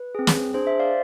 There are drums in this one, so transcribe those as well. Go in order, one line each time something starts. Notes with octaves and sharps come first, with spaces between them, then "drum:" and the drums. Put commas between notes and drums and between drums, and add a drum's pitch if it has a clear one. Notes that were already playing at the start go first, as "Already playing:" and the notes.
Already playing: B4
C4 G#4
drum: snare
D4 G#4 C5
C5 E5
D5 F5